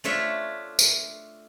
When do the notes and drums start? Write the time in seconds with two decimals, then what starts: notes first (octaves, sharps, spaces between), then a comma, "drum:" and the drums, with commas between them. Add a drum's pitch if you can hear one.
0.04 A3 D4 F4 C#5 E5
0.79 drum: tambourine